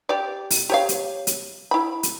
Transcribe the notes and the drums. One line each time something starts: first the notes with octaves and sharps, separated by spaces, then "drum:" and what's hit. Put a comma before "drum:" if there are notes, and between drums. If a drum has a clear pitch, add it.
G4 D5
drum: open hi-hat
G4 C#5 F5
drum: hi-hat
drum: hi-hat
E4 B5
drum: hi-hat